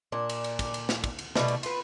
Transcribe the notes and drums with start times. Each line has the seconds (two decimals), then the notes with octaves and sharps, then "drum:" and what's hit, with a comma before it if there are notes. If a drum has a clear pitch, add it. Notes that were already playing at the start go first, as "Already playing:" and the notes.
0.12 A#2 D4
0.29 drum: cymbal
0.44 drum: cymbal
0.59 drum: kick, cymbal
0.74 drum: cymbal
0.89 drum: snare
1.04 drum: kick, cymbal
1.19 drum: cymbal
1.36 B2 E3 G3 A3, drum: snare
1.48 drum: cymbal
1.63 F4 B4, drum: cymbal